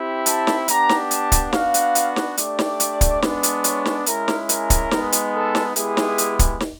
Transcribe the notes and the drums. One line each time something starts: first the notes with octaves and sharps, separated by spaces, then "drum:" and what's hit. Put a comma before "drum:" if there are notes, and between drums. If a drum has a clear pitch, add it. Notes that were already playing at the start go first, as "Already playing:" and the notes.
Already playing: C4 E4 G4
A5, drum: hi-hat
drum: snare
B3 D4 G4 A#5, drum: hi-hat
drum: snare
A5, drum: hi-hat
drum: kick, hi-hat
B3 D4 F#4 F5, drum: snare
drum: hi-hat
drum: hi-hat
drum: snare
A3 D4 G4 D5, drum: hi-hat
drum: snare
drum: hi-hat
drum: kick, hi-hat
G#3 B3 D4, drum: snare
drum: hi-hat
C#5, drum: hi-hat
drum: snare
G#3 C#4 E4 A#4, drum: hi-hat
drum: snare
A#4, drum: hi-hat
drum: kick, hi-hat
G#3 B3 D#4, drum: snare
drum: hi-hat
A4
drum: snare
G#3 B3 E4 G4 G#4, drum: hi-hat
drum: snare
drum: hi-hat
drum: kick, hi-hat
drum: snare